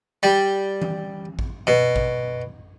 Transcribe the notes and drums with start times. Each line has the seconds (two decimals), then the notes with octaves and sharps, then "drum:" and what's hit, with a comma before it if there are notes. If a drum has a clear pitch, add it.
0.23 G3
0.82 drum: tom E3
1.39 drum: kick A1
1.67 B2
1.96 drum: kick A1